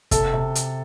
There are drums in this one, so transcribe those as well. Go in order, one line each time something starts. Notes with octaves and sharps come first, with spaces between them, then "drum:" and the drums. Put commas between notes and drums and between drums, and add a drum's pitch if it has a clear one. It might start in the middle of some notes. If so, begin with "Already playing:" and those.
C3 A4, drum: kick, hi-hat
C3
drum: hi-hat